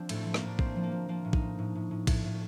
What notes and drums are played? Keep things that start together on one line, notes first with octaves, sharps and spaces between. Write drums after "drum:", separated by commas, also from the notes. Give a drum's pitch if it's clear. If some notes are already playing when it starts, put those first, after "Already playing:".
Already playing: F3 C4 D4
A2 A3, drum: cymbal
F3
A#3, drum: rim click
A2 D4
F3 C4, drum: kick A#1
F3
A#3
F3
F3 A#3
A2
D#4, drum: kick A#1
F3
A2
A2
A2
A2, drum: kick A#1, cymbal
A2